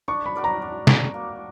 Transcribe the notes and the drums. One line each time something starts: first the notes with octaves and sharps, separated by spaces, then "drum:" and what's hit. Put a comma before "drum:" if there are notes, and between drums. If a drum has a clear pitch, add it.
D4 C#6
B5
F#4 A#4 D5
A#5
D4
F#4 A#4 D5, drum: snare
A#3